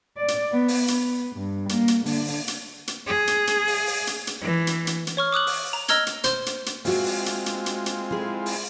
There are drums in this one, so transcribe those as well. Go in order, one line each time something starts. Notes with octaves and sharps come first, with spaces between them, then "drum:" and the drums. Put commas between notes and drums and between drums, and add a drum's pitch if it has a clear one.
D5
drum: hi-hat
B3
drum: open hi-hat
B3, drum: hi-hat
G2
A#3, drum: hi-hat
drum: hi-hat
D3, drum: open hi-hat
drum: open hi-hat
drum: hi-hat
drum: hi-hat
G#4
drum: hi-hat
drum: hi-hat
drum: open hi-hat
drum: open hi-hat
drum: hi-hat
drum: hi-hat
E3
drum: hi-hat
drum: hi-hat
drum: hi-hat
C#5 C#6 F6
D6 D#6 F#6 F#7
drum: open hi-hat
A#5
D#5 A#5 E6 F6 G#6 G7, drum: hi-hat
drum: hi-hat
C5, drum: hi-hat
drum: hi-hat
drum: hi-hat
G#3 C4 F4 F#4 E5, drum: open hi-hat
drum: open hi-hat
drum: hi-hat
drum: hi-hat
drum: hi-hat
drum: hi-hat
E4 G#4
drum: open hi-hat